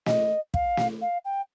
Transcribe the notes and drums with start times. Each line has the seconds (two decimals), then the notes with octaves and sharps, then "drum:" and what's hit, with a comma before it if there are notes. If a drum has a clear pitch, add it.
0.06 D#5, drum: snare
0.54 F5, drum: kick
0.77 drum: snare
1.01 F5
1.25 G5